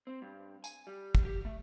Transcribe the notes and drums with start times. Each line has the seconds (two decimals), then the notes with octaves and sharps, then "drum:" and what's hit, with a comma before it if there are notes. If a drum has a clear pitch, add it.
0.07 C4
0.22 G2
0.64 G#5, drum: tambourine
0.87 G3
1.15 drum: kick
1.25 G4
1.45 A3